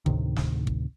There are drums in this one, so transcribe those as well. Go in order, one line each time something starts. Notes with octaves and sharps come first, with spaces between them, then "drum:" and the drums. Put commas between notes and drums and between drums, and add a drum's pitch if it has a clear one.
D2 A2 C3 D#3, drum: kick
drum: snare
drum: kick